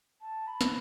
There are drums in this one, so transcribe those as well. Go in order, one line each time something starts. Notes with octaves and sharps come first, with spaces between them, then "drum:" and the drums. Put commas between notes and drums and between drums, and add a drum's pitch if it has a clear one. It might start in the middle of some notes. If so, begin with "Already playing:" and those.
A5
B5
drum: snare